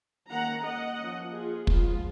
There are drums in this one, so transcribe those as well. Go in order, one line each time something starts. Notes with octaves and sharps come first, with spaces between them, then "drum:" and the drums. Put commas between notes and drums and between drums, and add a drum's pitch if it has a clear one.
D#3 A#3 C#4 F#5 A#5
D#5 F#5
F3 A#3 C#4
F4 G#4
F3 G#3 B3 F4, drum: kick